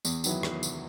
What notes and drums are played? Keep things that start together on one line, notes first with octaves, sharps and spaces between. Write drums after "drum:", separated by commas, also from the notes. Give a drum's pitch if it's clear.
E2, drum: tambourine
D#3 F#3 B3 E4, drum: tambourine
drum: rim click
drum: tambourine